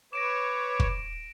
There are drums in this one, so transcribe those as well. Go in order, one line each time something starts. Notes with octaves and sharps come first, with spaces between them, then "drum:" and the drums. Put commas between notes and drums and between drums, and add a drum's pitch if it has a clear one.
B4 C#5 D6 A#6 D7 E7
drum: kick